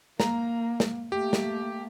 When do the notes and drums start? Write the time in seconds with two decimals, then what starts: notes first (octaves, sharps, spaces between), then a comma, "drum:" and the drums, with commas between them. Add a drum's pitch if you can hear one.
0.20 A#3 A#5, drum: snare
0.80 drum: snare
1.12 A3 A#3 G4
1.33 drum: snare